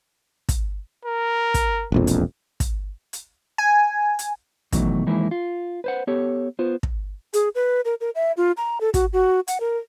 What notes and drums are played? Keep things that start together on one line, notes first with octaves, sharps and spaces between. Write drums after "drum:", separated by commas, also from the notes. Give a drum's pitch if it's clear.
drum: kick, hi-hat
A#4
drum: kick, hi-hat
E1 A#1 F2
drum: hi-hat
drum: kick, hi-hat
drum: hi-hat
G#5
drum: hi-hat
B2 D#3 E3 F#3 A3, drum: kick, hi-hat
F2 D#3 E3 G#3 A#3 E4
F4
B4 C5 F#5
B3 G4 A4 C#5
B3 F4 C5
drum: kick
G#4, drum: hi-hat
B4
A#4
A#4
E5
F4
A#5
A4
F#4, drum: kick, hi-hat
F#4
F#5, drum: hi-hat
A#4